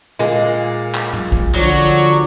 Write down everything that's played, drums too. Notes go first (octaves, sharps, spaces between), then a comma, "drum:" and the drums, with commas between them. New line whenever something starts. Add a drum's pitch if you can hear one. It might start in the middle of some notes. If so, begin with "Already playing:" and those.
A#2 G#3 A#3
drum: clap
drum: tom
drum: kick
D3 F3 F#3 D5 C#6